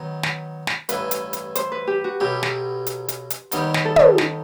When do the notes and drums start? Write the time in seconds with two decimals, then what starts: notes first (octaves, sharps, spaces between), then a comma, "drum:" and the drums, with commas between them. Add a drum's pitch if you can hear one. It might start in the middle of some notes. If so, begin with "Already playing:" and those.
Already playing: D#3 F#3 B3
0.23 drum: snare
0.67 drum: snare
0.89 A1 G2 E3 B4, drum: hi-hat
1.11 drum: hi-hat
1.33 drum: hi-hat
1.55 C5, drum: hi-hat
1.72 B4
1.87 G4
2.04 F#4
2.20 B1 B2 F#3 G4
2.43 drum: snare
2.86 drum: hi-hat
3.08 drum: hi-hat
3.30 drum: hi-hat
3.52 D#2 D#3 G3 B3 D#4, drum: hi-hat
3.74 drum: snare
3.85 A4
3.96 drum: tom
4.18 drum: snare